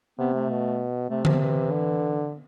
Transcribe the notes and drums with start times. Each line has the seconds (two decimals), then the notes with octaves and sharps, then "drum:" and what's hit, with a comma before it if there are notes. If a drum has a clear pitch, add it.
0.19 C3 B3
0.34 A3
0.50 B2
1.10 C3 A3
1.25 F3, drum: tom D3
1.40 E3
1.71 D3